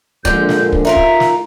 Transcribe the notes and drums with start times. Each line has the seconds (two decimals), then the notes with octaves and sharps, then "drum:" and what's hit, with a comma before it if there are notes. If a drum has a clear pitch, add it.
0.25 A#1 D3 G#3 G6, drum: kick
0.49 drum: snare
0.72 drum: kick
0.85 D#4 F4 A#4 E5
0.96 drum: kick
1.20 drum: snare